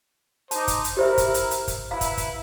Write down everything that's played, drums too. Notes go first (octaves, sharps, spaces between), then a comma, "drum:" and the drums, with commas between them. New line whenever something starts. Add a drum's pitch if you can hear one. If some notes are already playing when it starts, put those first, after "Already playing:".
D#4 C5 A5 D6, drum: hi-hat
drum: kick, hi-hat
drum: hi-hat
E4 G4 A#4 C5 E5
drum: kick, hi-hat
drum: hi-hat
drum: hi-hat
drum: kick, hi-hat
E4 B4 E5 F5 A#5
drum: kick, hi-hat
drum: kick, hi-hat